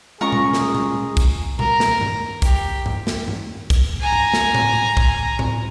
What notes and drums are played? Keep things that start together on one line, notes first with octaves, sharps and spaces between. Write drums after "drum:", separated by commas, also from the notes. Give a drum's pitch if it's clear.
G#3 C#4 F4 G#4 A#4 A#5 C#6
drum: tom A#2
drum: snare
drum: tom A#2
drum: kick B1, hi-hat
A#4, drum: tom A#2
drum: snare
drum: tom G2
G4, drum: kick B1, hi-hat
drum: tom G2
drum: snare
drum: tom G2
drum: kick B1, hi-hat
G#5 A#5
drum: tom G2
drum: snare
drum: tom A2
drum: kick B1
drum: tom A2